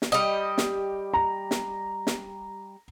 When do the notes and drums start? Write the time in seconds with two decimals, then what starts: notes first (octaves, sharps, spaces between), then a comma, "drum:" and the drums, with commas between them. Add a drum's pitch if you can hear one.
0.02 drum: snare
0.12 G3 G4 D#5
0.58 drum: snare
1.14 A#5
1.51 drum: snare
2.07 drum: snare